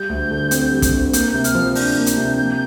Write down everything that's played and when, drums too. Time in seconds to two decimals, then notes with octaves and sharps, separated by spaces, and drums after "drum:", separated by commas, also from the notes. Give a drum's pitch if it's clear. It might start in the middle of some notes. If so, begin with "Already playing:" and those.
Already playing: G3 G6
0.09 D2
0.31 D3
0.51 C4, drum: hi-hat
0.71 G3
0.82 drum: kick, hi-hat
0.92 D2
1.13 A#3 G6, drum: hi-hat
1.33 C3 G6
1.44 F6, drum: hi-hat
1.55 F3
1.75 D4 G6, drum: open hi-hat
1.96 A#3
2.06 drum: hi-hat
2.17 C3
2.38 A#3